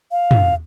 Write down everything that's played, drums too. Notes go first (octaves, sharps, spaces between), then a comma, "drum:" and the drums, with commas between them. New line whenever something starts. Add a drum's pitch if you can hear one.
F5
drum: tom